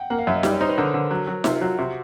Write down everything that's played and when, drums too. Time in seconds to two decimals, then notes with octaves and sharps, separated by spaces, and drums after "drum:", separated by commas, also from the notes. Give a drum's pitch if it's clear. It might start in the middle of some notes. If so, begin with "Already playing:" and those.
Already playing: F#5 G5
0.10 A#3 F#5
0.18 F5
0.27 F#2 E5
0.35 D#5
0.43 G3 D5, drum: snare D#4
0.52 C#5
0.61 D#4 C5
0.69 B4
0.77 D3 A#4
0.94 D3
1.11 F#3
1.27 F#3
1.44 C3 F4, drum: snare D#4
1.61 F#3 F#4
1.78 C3 F#4